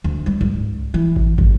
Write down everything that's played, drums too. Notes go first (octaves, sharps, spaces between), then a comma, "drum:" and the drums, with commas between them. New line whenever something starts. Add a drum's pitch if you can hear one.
D2
G3
C#2, drum: tom G2
E3
drum: kick
G1, drum: kick